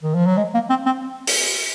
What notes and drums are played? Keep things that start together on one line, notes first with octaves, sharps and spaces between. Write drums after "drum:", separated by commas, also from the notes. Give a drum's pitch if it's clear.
D#3
F3
F#3
G#3
A#3
C4
C4
drum: open hi-hat